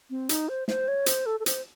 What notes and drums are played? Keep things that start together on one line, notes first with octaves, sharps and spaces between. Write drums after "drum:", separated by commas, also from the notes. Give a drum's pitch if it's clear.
C4
D#4, drum: hi-hat
C5
C5, drum: snare
C#5
C5, drum: hi-hat
A4
A4
C5, drum: hi-hat